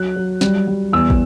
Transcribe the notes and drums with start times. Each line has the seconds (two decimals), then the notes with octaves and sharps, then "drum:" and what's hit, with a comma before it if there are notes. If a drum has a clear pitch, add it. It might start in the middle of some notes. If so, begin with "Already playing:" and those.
Already playing: F#3 F#6
0.16 F#3
0.41 G3, drum: snare
0.67 G3
0.92 E2 E6
1.10 drum: kick